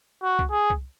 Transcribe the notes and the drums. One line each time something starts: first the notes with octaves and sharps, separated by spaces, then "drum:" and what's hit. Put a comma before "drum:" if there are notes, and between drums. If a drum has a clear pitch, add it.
F#4
drum: kick C2
G#4
drum: kick C2